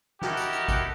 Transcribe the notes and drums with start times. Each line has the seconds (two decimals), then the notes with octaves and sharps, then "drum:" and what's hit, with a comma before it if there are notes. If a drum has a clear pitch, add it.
0.22 D#4 E4 F#4 G4 A4 A#4, drum: snare
0.37 drum: tambourine
0.53 drum: tambourine
0.68 drum: kick G#1, tambourine